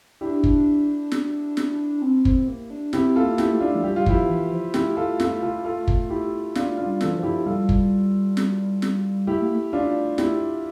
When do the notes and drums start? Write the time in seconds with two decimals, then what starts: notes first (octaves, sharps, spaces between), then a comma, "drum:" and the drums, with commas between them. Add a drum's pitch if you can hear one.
0.21 D4 E4 G4
0.44 drum: kick
1.12 drum: snare
1.57 drum: snare
2.02 C4
2.25 C4, drum: kick
2.48 A#3
2.70 D4
2.93 C4 E4 G4, drum: snare
3.16 F4 A4
3.24 A#3
3.38 E4 G4, drum: snare
3.53 A3
3.60 D4 F4
3.75 F3
3.83 G3 G4
3.96 G3 F4
4.06 F3 E4 G4, drum: kick
4.29 E3
4.52 F3
4.74 A3 E4 G4, drum: snare
4.97 F4 A4
5.20 F4 A4, drum: snare
5.42 F4 A4
5.65 F4 A4
5.88 drum: kick
6.10 E4 G4
6.55 D4 F4, drum: snare
6.78 D4 F4
6.86 G3
7.01 E3 F4 A4, drum: snare
7.17 F3
7.23 E4 G4
7.46 G3 F4 A4
7.69 drum: kick
8.37 drum: snare
8.82 drum: snare
9.27 A3 E4 G4
9.41 A#3
9.55 A3
9.73 D4 F4
10.18 E4 G4, drum: snare